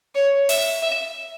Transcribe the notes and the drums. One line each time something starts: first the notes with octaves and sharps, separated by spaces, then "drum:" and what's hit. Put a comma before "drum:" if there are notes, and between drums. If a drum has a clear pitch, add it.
C#5
E5, drum: open hi-hat
E5